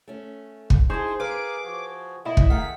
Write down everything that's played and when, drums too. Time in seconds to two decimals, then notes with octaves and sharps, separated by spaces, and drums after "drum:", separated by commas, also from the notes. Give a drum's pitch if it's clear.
0.08 A3 C#4
0.70 drum: kick
0.90 D#4 E4 G#4 C5 A5
1.20 A#4 B4 F5 G#5 D6
1.65 F3 F#4
2.25 A#2 E4 D#5
2.37 drum: kick
2.50 D#3 A3 G#4 A#4 F5 F#5 B6